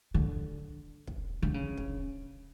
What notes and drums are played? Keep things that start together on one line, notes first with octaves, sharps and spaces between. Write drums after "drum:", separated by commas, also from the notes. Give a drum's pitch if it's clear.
D3
drum: kick
D3
C#3
drum: kick